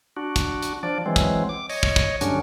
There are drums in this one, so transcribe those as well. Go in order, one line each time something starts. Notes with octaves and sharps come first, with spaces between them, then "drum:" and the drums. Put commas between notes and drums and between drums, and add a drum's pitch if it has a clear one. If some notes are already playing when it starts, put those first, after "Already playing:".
D4 F#4
drum: kick, hi-hat
drum: hi-hat
F3 D4 D5
E3 F#3 G#3 C4
drum: kick, hi-hat
D6
C#5 D#5, drum: open hi-hat
drum: kick
drum: kick, hi-hat
G2 D3 F#3 C#4 D4, drum: hi-hat